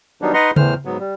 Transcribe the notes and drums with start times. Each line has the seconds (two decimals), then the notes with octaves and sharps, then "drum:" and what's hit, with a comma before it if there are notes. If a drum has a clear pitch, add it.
0.22 D#3 F#3 G3 B3 D4 D#4
0.34 D#4 B4 D#5 F#5 A#5 C6
0.56 E2 A2 E3 C5 F6, drum: tom C#3
0.85 G#2 F#3 B3
1.00 G3